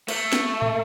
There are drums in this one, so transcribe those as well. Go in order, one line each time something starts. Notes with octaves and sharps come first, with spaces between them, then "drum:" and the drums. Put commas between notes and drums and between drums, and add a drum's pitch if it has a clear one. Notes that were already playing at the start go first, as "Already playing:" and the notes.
A3, drum: cymbal
drum: snare
drum: tom